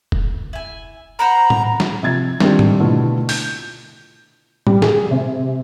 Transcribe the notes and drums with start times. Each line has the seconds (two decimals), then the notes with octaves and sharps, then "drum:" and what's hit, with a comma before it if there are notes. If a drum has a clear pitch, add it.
0.12 drum: kick F1
0.53 E4 G#5
1.19 C5 F#5 A#5 B5
1.50 drum: tom A2
1.80 drum: snare
2.03 C3 F3 G#6 A6
2.40 D#3 G3 C4 D4 F4 G4, drum: snare
2.59 drum: tom G#2
2.80 B2 D3 A3 E4 F4
3.29 G6, drum: open hi-hat
4.67 G3, drum: tom A2
4.82 G#4, drum: snare
5.11 C3